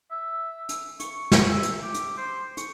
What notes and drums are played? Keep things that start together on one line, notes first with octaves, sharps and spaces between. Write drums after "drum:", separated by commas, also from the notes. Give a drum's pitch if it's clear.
E5
drum: hi-hat
C#6, drum: hi-hat
drum: snare
E5
drum: hi-hat
G4
drum: hi-hat
C5
C#6, drum: hi-hat